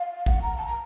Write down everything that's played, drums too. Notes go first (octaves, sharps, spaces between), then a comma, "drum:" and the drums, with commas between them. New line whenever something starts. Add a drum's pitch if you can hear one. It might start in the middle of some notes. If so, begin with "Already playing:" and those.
Already playing: F5
F#5, drum: kick
A#5
A5
A#5